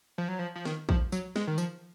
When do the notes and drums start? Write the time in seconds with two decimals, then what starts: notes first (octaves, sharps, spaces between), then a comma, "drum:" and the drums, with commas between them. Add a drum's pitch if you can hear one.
0.18 F3
0.28 F#3
0.39 F3
0.56 F3
0.65 D#3, drum: snare
0.89 F3, drum: kick
1.12 F#3, drum: tambourine
1.36 G#3, drum: snare
1.47 D#3
1.58 F3, drum: tambourine